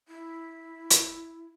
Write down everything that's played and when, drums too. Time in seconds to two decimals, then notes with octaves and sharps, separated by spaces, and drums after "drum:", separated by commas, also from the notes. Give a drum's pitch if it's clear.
0.08 E4
0.90 drum: hi-hat